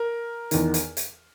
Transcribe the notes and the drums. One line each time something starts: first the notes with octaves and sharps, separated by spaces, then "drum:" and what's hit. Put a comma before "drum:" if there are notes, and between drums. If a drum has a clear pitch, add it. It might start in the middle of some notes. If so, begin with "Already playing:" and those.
Already playing: A#4
E2 D#3, drum: hi-hat
drum: hi-hat
drum: hi-hat